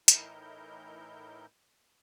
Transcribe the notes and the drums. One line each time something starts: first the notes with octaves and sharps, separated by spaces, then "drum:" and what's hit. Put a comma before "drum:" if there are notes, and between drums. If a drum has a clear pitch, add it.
A2 E3 D#4 E4 A#4 G6, drum: hi-hat